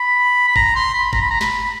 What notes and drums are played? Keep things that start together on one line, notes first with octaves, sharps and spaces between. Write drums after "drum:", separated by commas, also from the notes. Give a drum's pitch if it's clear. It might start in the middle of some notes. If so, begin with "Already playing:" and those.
Already playing: B5
B5
A#5, drum: kick G1
C6
B5
A#5, drum: kick G1
B5
A#5
B5, drum: snare